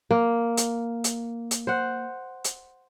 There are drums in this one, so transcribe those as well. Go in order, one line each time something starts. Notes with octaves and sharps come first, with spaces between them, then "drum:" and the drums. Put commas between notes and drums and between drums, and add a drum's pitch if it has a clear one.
A#3
drum: hi-hat
drum: hi-hat
drum: hi-hat
C5 F#5
drum: hi-hat